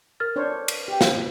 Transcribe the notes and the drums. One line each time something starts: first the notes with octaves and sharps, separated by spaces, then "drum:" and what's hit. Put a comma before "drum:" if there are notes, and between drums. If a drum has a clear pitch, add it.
A#4 F6 A6
D4 C5 C#5
drum: cymbal
G4 G5
drum: snare